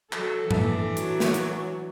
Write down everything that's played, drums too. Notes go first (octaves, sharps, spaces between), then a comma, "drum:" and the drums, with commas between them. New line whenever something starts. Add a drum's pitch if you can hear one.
F#3 A4, drum: clap
E3 D4, drum: tom G#2
F#3, drum: hi-hat
drum: snare
drum: hi-hat